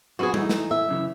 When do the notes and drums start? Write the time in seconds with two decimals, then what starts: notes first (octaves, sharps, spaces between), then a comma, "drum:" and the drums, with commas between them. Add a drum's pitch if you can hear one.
0.19 F#2 C4 F#4 G#4 B4
0.34 E3 A3 D#4, drum: tom G3
0.49 drum: snare
0.71 E5
0.89 F#2 C#3 E3